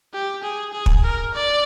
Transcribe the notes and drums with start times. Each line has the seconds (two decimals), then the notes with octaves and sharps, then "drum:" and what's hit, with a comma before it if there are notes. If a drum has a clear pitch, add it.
0.13 G4
0.43 G#4
0.73 G#4
0.86 drum: kick
1.03 A#4
1.34 D5